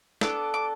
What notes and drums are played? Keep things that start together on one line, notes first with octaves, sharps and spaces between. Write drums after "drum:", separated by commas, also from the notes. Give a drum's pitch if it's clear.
B3 D4 A4 D6, drum: snare
D6